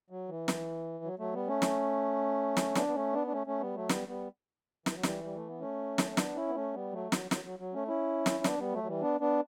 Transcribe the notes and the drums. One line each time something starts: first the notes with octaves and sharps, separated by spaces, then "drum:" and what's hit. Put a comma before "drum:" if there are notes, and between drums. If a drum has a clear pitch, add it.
F#3
E3
drum: snare
F#3
F#3 A3
G3 B3
A3 C#4
drum: snare
drum: snare
B3 D4, drum: snare
B3
A3 C#4
B3 D4
D4
A3 C#4
A3 C#4
G3 B3
F#3 A3
G3 B3, drum: snare
G3 B3
E3, drum: snare
F#3
E3 G3, drum: snare
G3
A3
B3
A3 C#4
drum: snare
C#4
B3 D4, drum: snare
C#4 E4
B3
A3 C#4
G3 B3
F#3 A3
F#3, drum: snare
F#3, drum: snare
F#3
F#3
A3 C#4
C#4 E4
drum: snare
B3 D4, drum: snare
G3 B3
F#3 A3
F#3
E3 G3
B3 D4
B3 D4